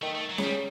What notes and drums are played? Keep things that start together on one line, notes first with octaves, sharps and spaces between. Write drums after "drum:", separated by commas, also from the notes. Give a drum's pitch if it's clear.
D#3 A3
A3
F#3
C#3 G3, drum: snare C#4